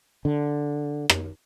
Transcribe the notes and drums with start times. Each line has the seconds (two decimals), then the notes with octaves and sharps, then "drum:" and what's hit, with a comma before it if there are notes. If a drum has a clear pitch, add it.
0.25 D3
1.09 drum: rim click